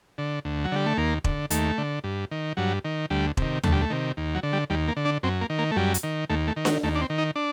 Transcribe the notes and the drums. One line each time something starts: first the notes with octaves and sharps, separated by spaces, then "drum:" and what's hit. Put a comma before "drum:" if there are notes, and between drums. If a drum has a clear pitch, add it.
D3
D2
F#3
D3 G3
A3
D#2 A#3
D3, drum: kick E1
D#2 A3, drum: hi-hat
D3
G2
D#3
G2 F#3
D#3
D2 G3
C3 D#3, drum: kick E1
D2 A3, drum: tom D#2
G3
A3
C3 D#3
D#2
F#3
D3
G3
D#2 G3
A#3
D3
D4
F#2 C4
A#3
D#3
A#3
A3
F#2 G3
drum: hi-hat
D#3
D#2 A3
A3
D#3
F#3, drum: snare D4
D#2 A3
D4
C4
D#3
D#4
D4